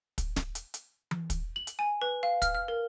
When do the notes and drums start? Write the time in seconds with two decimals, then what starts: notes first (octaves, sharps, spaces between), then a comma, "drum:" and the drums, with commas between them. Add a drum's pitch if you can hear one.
0.18 drum: kick, hi-hat
0.36 drum: snare
0.55 drum: hi-hat
0.74 drum: hi-hat
1.11 drum: tom E3
1.30 drum: kick, hi-hat
1.56 F#7
1.67 drum: hi-hat
1.79 G#5
2.02 B4
2.23 F5
2.42 F6, drum: kick, hi-hat
2.54 F6
2.68 A#4